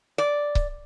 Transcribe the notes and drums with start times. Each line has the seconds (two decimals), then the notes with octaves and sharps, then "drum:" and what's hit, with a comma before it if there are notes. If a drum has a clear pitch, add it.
0.18 D5
0.55 drum: kick C#1